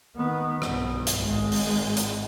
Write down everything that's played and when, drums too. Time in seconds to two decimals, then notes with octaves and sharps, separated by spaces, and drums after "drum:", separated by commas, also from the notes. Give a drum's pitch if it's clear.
0.16 D#3 B3
0.62 B1 G2, drum: rim click
1.07 drum: hi-hat
1.24 G#1 G#3
1.52 drum: open hi-hat
1.97 drum: hi-hat